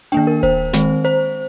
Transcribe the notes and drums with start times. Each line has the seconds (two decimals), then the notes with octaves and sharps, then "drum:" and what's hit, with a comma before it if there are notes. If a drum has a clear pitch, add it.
0.12 D#3 A#3 D4 G5, drum: hi-hat
0.27 A#4
0.43 C5, drum: kick D#1, hi-hat
0.73 D#3 G#3 C4, drum: snare
1.05 C5, drum: hi-hat